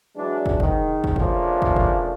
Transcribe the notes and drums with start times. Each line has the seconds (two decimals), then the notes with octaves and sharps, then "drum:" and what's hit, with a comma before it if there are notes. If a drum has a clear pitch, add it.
0.17 E3 F#3 G#3 D4
0.46 drum: kick
0.60 G#2 D#3, drum: kick
1.04 drum: kick
1.16 C#3 F3 A3 A#3 C#4 D4, drum: kick
1.62 drum: kick
1.76 drum: kick